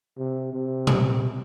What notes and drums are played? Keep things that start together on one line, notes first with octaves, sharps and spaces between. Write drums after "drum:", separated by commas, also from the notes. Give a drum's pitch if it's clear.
C3
C3
drum: tom A#2